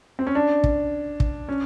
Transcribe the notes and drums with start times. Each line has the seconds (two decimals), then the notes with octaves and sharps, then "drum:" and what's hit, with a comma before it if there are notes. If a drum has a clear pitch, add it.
0.19 C4
0.27 C#4
0.35 D4
0.64 drum: kick
1.20 drum: kick
1.49 C#4